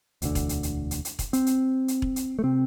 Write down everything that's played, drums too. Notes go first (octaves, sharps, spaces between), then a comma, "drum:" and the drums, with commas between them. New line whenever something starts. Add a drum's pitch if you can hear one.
E1 D2 D3, drum: hi-hat
drum: kick E1, hi-hat
drum: hi-hat
drum: hi-hat
drum: hi-hat
drum: hi-hat
drum: kick E1, hi-hat
C4, drum: hi-hat
drum: hi-hat
drum: hi-hat
drum: kick E1
drum: hi-hat
A3
C3 C4